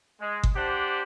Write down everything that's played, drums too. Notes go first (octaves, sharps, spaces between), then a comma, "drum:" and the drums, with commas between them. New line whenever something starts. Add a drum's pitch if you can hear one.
G#3
drum: kick G1
D4 G4 C5 F#5